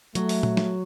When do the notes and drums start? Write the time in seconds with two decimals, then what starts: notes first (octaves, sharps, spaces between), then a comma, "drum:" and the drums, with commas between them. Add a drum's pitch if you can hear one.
0.15 F#3 A3, drum: hi-hat
0.29 drum: open hi-hat
0.43 drum: tom A#2
0.57 drum: snare